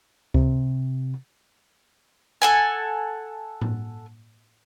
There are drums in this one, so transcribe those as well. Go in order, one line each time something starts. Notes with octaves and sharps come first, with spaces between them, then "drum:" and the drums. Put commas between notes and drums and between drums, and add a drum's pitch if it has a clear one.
C3, drum: kick C#2
A4 F#5 G#5
drum: tom A2